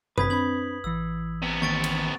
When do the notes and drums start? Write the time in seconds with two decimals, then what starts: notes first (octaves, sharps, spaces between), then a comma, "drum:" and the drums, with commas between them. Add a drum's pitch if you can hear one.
0.18 G1 C3 C4 B4 D#6 G#6 B6, drum: tom F#2
0.30 C4 D4 B5 G#6 F#7
0.84 A1 E3 E6
1.42 C3 B3
1.62 D#2 C#6 A6 D7
1.84 drum: cymbal